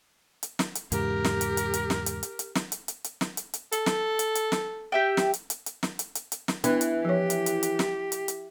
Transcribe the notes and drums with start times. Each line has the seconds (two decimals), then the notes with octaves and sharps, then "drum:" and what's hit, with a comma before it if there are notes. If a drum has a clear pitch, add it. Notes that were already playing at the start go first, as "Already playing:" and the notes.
0.43 drum: hi-hat
0.59 drum: snare
0.75 drum: hi-hat
0.92 E2 G#2 C#3 G4 A#4, drum: hi-hat
1.24 drum: snare
1.41 drum: hi-hat
1.57 drum: hi-hat
1.74 drum: hi-hat
1.90 drum: snare
2.06 drum: hi-hat
2.23 drum: hi-hat
2.39 drum: hi-hat
2.55 drum: snare
2.72 drum: hi-hat
2.88 drum: hi-hat
3.04 drum: hi-hat
3.21 drum: snare
3.37 drum: hi-hat
3.54 drum: hi-hat
3.72 A4, drum: hi-hat
3.86 drum: snare
4.19 drum: hi-hat
4.35 drum: hi-hat
4.52 drum: snare
4.92 G4 E5 G5
5.17 drum: snare
5.34 drum: hi-hat
5.50 drum: hi-hat
5.66 drum: hi-hat
5.83 drum: snare
5.99 drum: hi-hat
6.15 drum: hi-hat
6.32 drum: hi-hat
6.48 drum: snare
6.64 E3 B3 D4, drum: hi-hat
6.81 drum: hi-hat
7.05 F3 G4 C#5
7.30 drum: hi-hat
7.46 drum: hi-hat
7.63 drum: hi-hat
7.79 drum: snare
8.12 drum: hi-hat
8.28 drum: hi-hat